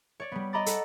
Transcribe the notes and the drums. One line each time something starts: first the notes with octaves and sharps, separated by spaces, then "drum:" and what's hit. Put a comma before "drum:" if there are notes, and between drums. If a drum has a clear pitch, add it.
C#5 D5
G3 B3
D#5 A#5 B5 D6 A6
A4 F#5, drum: hi-hat